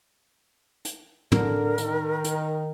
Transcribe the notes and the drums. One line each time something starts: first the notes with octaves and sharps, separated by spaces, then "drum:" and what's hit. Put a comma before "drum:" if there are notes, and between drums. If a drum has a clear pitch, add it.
drum: hi-hat
D3 A#4, drum: tom
D#3, drum: hi-hat
drum: hi-hat